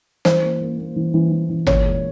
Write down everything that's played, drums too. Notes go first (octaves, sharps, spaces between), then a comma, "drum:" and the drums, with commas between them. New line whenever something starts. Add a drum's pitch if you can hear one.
E3 C5, drum: snare
A#3
A#3
A#3
E3
E3
E3
E3
A#2 C#5, drum: tom G#1
G#3